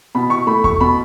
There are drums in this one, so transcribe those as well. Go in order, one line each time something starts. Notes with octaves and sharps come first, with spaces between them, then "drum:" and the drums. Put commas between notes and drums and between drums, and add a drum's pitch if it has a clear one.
B2 B5
C#6
A3 B5
C#6, drum: kick E2
B2 B5